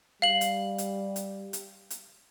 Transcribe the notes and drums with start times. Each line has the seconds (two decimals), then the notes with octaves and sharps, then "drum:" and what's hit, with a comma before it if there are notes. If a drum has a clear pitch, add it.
0.22 G3 F5 F#7
0.41 drum: hi-hat
0.78 drum: hi-hat
1.16 drum: hi-hat
1.53 drum: hi-hat
1.90 drum: hi-hat